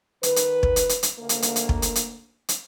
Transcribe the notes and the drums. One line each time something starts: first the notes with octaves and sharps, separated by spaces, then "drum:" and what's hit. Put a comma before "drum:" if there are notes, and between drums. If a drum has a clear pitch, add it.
D#3 B4, drum: hi-hat
drum: hi-hat
drum: kick
drum: hi-hat
drum: hi-hat
drum: hi-hat
D2 A#3
drum: hi-hat
drum: hi-hat
drum: hi-hat
drum: kick
drum: hi-hat
drum: hi-hat
drum: hi-hat